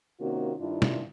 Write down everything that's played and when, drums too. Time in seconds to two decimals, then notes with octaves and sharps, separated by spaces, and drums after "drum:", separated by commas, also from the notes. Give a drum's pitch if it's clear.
0.20 C3 D#3 A#3 C#4 F4 F#4
0.59 G2 D#3 D4 E4 F4
0.82 drum: snare